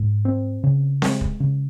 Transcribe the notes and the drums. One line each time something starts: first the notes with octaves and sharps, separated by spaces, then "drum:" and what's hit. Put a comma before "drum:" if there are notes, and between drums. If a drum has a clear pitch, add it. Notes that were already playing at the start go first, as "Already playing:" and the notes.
Already playing: G#2
C4
C#3
G#3, drum: snare C4
drum: kick
C#3